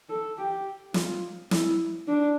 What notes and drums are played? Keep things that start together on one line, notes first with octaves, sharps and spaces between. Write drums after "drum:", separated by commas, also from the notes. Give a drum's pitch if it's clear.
A4
G4
F4, drum: snare
E4, drum: snare
D4